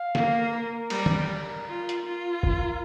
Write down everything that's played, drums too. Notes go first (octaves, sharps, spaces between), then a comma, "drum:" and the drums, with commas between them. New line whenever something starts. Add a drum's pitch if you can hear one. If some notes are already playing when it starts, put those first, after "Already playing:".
Already playing: F5
A#3, drum: snare
A#4
G3, drum: cymbal
drum: tom
A#4
F4 A#4
drum: hi-hat
F4
A#4, drum: kick